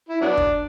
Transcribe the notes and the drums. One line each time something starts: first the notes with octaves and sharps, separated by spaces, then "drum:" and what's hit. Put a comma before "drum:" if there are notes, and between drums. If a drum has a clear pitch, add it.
E4
F#3 B3 D4
drum: kick